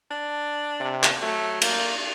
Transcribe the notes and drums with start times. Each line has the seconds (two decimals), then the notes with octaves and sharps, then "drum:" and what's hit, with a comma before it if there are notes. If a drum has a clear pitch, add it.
0.11 D4
0.80 C3
1.03 drum: clap
1.22 F#3 A3
1.62 A#3, drum: cymbal